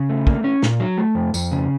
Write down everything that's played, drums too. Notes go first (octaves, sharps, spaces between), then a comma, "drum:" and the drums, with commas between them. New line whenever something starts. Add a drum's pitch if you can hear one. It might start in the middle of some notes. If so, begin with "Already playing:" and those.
Already playing: C#3
A3
A#3, drum: kick
C#4
A#2, drum: snare
F#3
A3
F2
F2, drum: tambourine
C#3